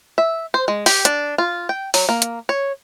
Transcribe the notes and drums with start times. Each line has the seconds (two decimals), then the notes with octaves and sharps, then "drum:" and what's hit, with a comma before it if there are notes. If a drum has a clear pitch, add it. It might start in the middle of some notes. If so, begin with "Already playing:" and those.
0.18 E5
0.54 C5
0.68 G#3
0.86 G4, drum: open hi-hat
1.05 D4, drum: hi-hat
1.38 F4
1.69 G5
1.94 F#3, drum: open hi-hat
2.09 A#3
2.22 drum: hi-hat
2.49 C#5